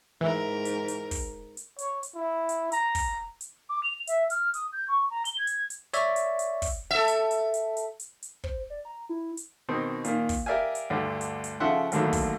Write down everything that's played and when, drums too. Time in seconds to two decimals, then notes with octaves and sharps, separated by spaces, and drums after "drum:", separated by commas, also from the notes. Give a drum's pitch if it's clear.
0.21 G#2 E3 A#4
0.65 drum: hi-hat
0.88 drum: hi-hat
1.11 drum: kick, open hi-hat
1.57 drum: hi-hat
1.79 C#5, drum: hi-hat
2.03 drum: hi-hat
2.15 E4
2.49 drum: hi-hat
2.72 A#5, drum: hi-hat
2.95 drum: kick, open hi-hat
3.41 drum: hi-hat
3.69 D6
3.83 F7
4.07 E5, drum: hi-hat
4.30 F6, drum: hi-hat
4.54 D#6, drum: hi-hat
4.72 G6
4.88 C#6
5.10 A#5
5.25 G7, drum: hi-hat
5.38 G#6
5.47 drum: hi-hat
5.70 drum: hi-hat
5.94 C#5 D5 E5, drum: hi-hat
6.16 drum: hi-hat
6.39 drum: hi-hat
6.62 drum: kick, open hi-hat
6.91 A4 E5
7.08 drum: hi-hat
7.31 drum: hi-hat
7.54 drum: hi-hat
7.77 drum: hi-hat
8.00 drum: hi-hat
8.23 drum: hi-hat
8.44 C5, drum: kick
8.70 D5
8.85 A#5
9.09 E4
9.37 drum: hi-hat
9.69 B2 D#3 C4 D#4
10.05 A#2 D#3, drum: hi-hat
10.29 drum: kick, open hi-hat
10.46 G4 A#4 D5 E5 F5 G#5
10.75 drum: hi-hat
10.90 D2 G2 D3
11.21 drum: hi-hat
11.44 drum: hi-hat
11.60 C#3 F3 A4 E5 F#5 C6
11.92 G#1 D#2 A2 D3 D#3 F#3, drum: hi-hat
12.13 drum: kick, open hi-hat